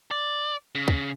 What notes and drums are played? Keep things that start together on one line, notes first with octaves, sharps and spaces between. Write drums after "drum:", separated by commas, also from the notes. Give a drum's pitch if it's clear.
D5
C#3
drum: kick